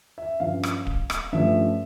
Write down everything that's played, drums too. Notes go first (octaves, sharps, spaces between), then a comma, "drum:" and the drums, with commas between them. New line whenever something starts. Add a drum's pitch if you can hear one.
E5
G2 F3 C#4 F5
drum: rim click
drum: kick D1
drum: rim click
G2 F3 A3 C#4 E5